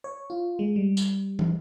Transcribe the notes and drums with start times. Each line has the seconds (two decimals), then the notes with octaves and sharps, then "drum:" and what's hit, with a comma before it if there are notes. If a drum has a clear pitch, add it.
0.04 C#5
0.30 F4
0.59 G#3
0.76 G3
0.97 drum: tambourine
1.39 drum: tom